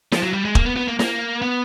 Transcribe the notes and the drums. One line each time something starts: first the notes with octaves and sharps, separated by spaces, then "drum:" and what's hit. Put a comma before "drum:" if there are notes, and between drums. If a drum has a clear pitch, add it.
F3, drum: snare
F#3
G3
G#3
A#3, drum: kick
B3
B3
A#3
A#3, drum: snare
B3